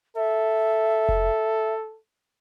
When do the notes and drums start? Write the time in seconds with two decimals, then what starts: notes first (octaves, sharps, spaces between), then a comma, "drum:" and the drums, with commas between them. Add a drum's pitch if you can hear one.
0.17 A4 E5
1.09 drum: kick F1